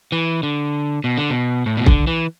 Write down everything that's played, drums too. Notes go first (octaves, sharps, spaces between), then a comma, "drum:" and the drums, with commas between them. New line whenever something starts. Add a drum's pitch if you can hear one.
E3
D3
B2
D3
B2
A2
B2
D3, drum: kick
E3